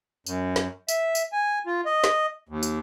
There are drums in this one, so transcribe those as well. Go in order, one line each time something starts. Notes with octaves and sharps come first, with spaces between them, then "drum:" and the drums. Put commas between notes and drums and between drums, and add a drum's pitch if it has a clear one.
F#2, drum: tambourine
drum: snare
E5, drum: tambourine
drum: tambourine
G#5
F4
D#5
drum: snare
D#2
drum: tambourine